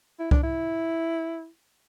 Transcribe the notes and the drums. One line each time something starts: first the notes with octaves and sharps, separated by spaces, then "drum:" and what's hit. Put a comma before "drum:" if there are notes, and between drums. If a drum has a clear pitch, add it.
E4
D4, drum: kick C2
E4